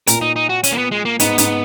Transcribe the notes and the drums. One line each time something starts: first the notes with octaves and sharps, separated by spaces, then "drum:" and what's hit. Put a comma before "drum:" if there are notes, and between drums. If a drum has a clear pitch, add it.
A#2 A#4, drum: hi-hat
D#4
D#4
F#4
C#4, drum: hi-hat
A#3
B3
G#3
A#3
G#2 B3, drum: hi-hat
G#2, drum: hi-hat